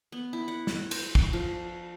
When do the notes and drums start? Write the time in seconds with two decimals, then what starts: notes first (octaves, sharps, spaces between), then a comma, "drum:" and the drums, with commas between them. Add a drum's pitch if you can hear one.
0.12 B3
0.33 E4
0.48 F#5
0.67 drum: snare
0.91 C5, drum: cymbal
1.15 drum: kick
1.33 F3